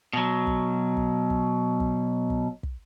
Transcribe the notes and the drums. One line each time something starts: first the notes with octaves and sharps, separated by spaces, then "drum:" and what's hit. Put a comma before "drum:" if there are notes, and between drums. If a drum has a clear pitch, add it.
B2 F#3
drum: kick
drum: kick
drum: kick
drum: kick
drum: kick
drum: kick